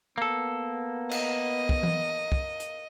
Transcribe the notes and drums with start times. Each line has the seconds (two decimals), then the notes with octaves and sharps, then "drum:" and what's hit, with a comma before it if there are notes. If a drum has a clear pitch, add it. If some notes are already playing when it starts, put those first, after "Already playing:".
0.18 A#3 B3 A4
1.11 D#5, drum: cymbal
1.69 drum: kick
1.83 drum: tom E3
2.32 drum: kick
2.60 drum: hi-hat